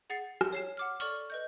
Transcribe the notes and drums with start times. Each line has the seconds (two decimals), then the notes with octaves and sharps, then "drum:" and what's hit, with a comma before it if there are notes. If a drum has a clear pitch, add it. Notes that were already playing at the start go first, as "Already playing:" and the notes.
0.10 G#4 F#5 A6 C7
0.41 drum: rim click
0.53 C#5 C7 E7
0.77 F#5 D6 F6
1.00 A4 D5 C#6 F6, drum: hi-hat
1.30 B4 D#5 G6